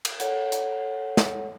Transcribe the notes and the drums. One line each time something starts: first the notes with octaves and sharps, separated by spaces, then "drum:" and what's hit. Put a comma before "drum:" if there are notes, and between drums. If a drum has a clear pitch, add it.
drum: cymbal
A4 C#5 F#5, drum: hi-hat
drum: hi-hat
drum: snare